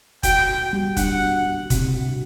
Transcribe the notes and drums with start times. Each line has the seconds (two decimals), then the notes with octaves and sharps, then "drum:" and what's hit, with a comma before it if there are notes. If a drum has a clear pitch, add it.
0.23 F#4 G5, drum: kick, hi-hat
0.48 F#4
0.73 G3
0.97 D4 F#5, drum: kick, hi-hat
1.21 D4
1.45 F#4
1.70 C3, drum: kick, hi-hat
1.94 F#4